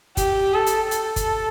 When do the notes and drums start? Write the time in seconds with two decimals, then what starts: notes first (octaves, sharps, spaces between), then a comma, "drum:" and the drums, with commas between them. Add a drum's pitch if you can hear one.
0.17 G4, drum: kick, hi-hat
0.54 A4
0.67 drum: hi-hat
0.91 A4, drum: hi-hat
1.16 drum: kick, hi-hat